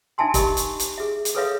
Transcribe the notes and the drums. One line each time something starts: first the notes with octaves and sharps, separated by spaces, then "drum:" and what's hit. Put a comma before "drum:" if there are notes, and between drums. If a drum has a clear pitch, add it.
D4 D#4 E5 G#5 A5 C6
G4 A#4 D#5 B5 C#6, drum: kick, hi-hat
drum: hi-hat
drum: hi-hat
G#4 E5
drum: hi-hat
G#4 A4 B4 C#5 E5 F5